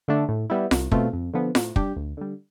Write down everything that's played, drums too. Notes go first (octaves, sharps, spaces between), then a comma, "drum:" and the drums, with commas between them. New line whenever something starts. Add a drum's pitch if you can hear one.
D3 A3 D4
A2
G3 B3 E4
C2, drum: snare F4
B2 A3 C4 F4, drum: kick
F2
D3 F3 B3
A2, drum: snare F4
G3 D4 G4, drum: kick
D2
D3 G3